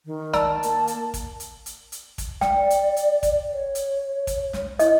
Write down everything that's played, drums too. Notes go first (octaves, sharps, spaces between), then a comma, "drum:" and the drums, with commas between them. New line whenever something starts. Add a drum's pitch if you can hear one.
D#3
D5 A5 A#5 E6, drum: snare
A#3, drum: hi-hat
drum: hi-hat
drum: kick, hi-hat
drum: hi-hat
drum: hi-hat
drum: hi-hat
drum: kick, hi-hat
D5 G5, drum: snare
drum: hi-hat
drum: hi-hat
drum: kick, hi-hat
C#5
drum: hi-hat
drum: kick, hi-hat
drum: snare
E4 D#5, drum: hi-hat